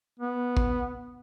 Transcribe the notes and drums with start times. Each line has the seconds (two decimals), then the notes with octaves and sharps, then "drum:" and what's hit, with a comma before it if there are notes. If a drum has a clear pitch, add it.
0.19 B3
0.57 drum: kick A1